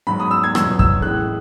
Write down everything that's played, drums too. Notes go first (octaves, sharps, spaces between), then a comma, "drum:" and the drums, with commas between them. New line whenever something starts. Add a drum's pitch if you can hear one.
G#2 F#3 B5
D#6
E6
G#6
E2 B2 F#3 E6, drum: rim click
E6, drum: kick
A2 E3 G#3 F#6